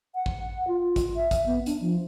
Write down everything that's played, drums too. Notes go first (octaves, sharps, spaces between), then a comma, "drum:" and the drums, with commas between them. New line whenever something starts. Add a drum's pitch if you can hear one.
F#5
drum: kick A1
F4
drum: kick A1, hi-hat
E5
drum: kick A1, hi-hat
B3
D4, drum: hi-hat
F3